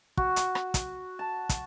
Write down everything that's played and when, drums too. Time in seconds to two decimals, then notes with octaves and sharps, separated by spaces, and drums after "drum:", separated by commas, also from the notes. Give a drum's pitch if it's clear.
0.17 F#4, drum: kick
0.36 drum: hi-hat
0.55 drum: rim click
0.74 drum: kick, hi-hat
1.19 A5
1.49 drum: kick, hi-hat